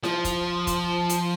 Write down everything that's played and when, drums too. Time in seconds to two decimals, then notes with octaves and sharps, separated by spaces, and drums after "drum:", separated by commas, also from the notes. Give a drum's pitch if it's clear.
0.04 F3, drum: snare E4
0.25 drum: kick, hi-hat
0.67 drum: kick, hi-hat
1.09 drum: hi-hat